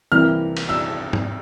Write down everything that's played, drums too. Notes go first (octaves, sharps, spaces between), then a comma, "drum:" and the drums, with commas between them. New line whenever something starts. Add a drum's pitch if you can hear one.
C2 C3 E3 A#3 E4 F6
drum: cymbal
E6
drum: tom G#2